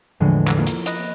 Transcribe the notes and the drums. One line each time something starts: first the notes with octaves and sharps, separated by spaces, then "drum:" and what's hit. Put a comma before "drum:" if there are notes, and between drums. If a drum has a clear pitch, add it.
E2 A2 D3 F3 G#3
drum: clap
A#3 E4 F4
drum: hi-hat
D#5 B5 D#6 F#6 A#6 D#7, drum: hi-hat